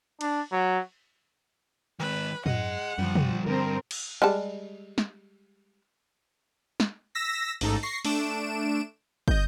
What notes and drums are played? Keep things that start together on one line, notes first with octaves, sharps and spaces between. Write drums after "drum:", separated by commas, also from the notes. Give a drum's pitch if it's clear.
D4, drum: cymbal
F#3
D#3 G#3 B4
F#2 G#4 D#5 F#5, drum: tom
F#2 D3 F3 G3
drum: tom
G2 D3 C4 A#4
drum: cymbal
G3 G#3 A5
drum: snare
drum: snare
E6 A#6 B6
A1 G#2 D#4 A4, drum: open hi-hat
C#6 A#6 C7
A3 D4 D7 E7, drum: open hi-hat
D#5 G6, drum: kick